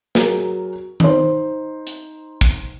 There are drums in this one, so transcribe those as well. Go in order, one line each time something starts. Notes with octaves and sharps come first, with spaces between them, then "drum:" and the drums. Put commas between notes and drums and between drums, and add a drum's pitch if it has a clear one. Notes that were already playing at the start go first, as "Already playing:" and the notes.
F#3 G#4 A#4, drum: snare
D#4 C5, drum: tom D#3
drum: hi-hat
drum: kick